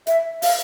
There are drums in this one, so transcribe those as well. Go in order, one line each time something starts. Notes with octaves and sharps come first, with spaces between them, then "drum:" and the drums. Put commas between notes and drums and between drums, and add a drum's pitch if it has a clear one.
E5, drum: hi-hat
F5, drum: open hi-hat